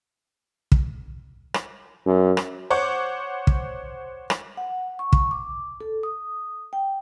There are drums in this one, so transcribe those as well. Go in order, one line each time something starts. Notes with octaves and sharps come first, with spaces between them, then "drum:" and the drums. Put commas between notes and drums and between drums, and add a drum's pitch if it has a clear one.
drum: kick
drum: rim click
F#2
drum: rim click
C5 C#5 F#5 C#6 D6
drum: kick
drum: rim click
F#5
C#6
drum: kick
D6
A4
D#6
G5